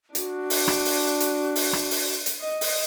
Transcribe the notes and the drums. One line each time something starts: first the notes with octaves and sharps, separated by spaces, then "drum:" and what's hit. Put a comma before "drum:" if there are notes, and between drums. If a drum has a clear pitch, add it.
D4 F#4, drum: hi-hat
drum: open hi-hat
drum: rim click
drum: open hi-hat
drum: hi-hat
drum: open hi-hat
drum: rim click
drum: open hi-hat
drum: hi-hat
D#5
drum: open hi-hat